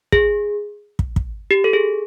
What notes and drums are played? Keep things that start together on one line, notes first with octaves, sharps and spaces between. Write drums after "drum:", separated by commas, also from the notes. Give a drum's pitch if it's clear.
G#4, drum: kick
drum: kick
drum: kick
G4
A4
G#4